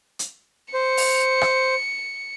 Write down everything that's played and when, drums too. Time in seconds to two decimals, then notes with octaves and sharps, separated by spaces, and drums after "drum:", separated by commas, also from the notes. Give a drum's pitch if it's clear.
0.19 drum: hi-hat
0.74 C5 C#7
0.97 drum: open hi-hat
1.41 drum: rim click